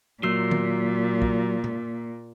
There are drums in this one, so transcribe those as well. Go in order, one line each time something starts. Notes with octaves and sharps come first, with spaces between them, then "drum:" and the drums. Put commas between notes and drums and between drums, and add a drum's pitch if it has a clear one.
A#2 F#3 A#3 E6 C7
drum: tom D#3
drum: kick
drum: tom A#2